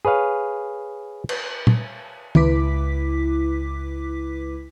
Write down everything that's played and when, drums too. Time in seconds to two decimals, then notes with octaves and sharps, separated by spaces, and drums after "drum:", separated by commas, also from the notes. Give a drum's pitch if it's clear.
0.05 G#4 B4 C#5 F5
1.29 drum: cymbal
1.67 drum: tom
2.35 C#2 E4 B4 D6 B6, drum: tom